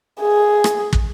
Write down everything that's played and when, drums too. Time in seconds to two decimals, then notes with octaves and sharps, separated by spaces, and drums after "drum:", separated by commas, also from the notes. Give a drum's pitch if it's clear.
0.21 G#4
0.64 drum: rim click
0.93 drum: kick